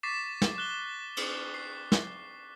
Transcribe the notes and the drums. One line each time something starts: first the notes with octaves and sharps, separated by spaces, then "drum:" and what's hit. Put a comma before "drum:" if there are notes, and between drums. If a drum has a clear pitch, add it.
C#6 D6 A6 B6 C7 E7
drum: snare
F#6 G7
drum: cymbal
C7
drum: snare